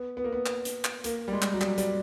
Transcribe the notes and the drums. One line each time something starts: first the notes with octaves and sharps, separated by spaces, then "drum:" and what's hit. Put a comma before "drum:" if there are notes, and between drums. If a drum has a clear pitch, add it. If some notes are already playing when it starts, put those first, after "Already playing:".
Already playing: B3
B3
A#3
B3
drum: clap
drum: hi-hat
drum: clap
A#3, drum: hi-hat
G3
G#3
drum: clap
F#3
G3, drum: clap
G3, drum: hi-hat